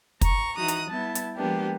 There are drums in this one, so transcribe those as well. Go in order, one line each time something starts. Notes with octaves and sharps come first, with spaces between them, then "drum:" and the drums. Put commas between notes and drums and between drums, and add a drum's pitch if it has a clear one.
A#5 C#6, drum: kick, hi-hat
E3 D#4 F#4 A#5 D#6 F#6
drum: hi-hat
G3 B3 E4 A5
drum: hi-hat
F3 G#3 A#3 B3 D4 G4